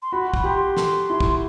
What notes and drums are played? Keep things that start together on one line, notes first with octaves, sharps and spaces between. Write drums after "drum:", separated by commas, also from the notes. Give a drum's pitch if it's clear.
C6
F#4 B5
drum: kick
G4 C6
A4, drum: snare
E4
drum: kick